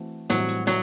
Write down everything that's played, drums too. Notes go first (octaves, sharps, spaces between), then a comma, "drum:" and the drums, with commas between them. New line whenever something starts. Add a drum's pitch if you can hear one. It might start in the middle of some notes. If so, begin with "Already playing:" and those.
Already playing: E3 A3 C4 F#4
A2 E3 F#3 G3 C4 F#4, drum: snare
drum: hi-hat
F#3, drum: snare